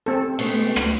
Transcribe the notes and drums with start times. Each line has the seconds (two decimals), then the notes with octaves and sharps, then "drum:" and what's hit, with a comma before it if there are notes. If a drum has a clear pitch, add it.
0.06 C4 A4
0.39 G#3 A3 B3, drum: cymbal
0.76 drum: rim click